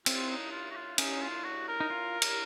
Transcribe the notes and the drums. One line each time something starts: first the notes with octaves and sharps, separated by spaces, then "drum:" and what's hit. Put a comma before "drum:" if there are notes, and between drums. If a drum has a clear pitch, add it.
C4 F4, drum: cymbal
D#4
F4
F#4
F4
C#4 D#4, drum: cymbal
F4
F#4
A#4
D#4
F4
drum: cymbal